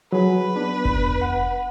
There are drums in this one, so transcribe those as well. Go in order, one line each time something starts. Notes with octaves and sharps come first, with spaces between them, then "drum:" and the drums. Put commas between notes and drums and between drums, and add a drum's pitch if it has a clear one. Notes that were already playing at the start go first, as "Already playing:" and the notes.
F#3 G#4 B4
B3 D4
drum: kick F1
F#5